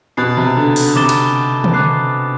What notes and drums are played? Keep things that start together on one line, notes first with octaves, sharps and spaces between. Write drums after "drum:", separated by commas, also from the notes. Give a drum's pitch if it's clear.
B2 B5 F#6 A6 C7
C3
D3
D3, drum: open hi-hat
C3 B5 D6 A6 E7 G7
drum: cymbal
drum: tom D3
D6 F#6 C7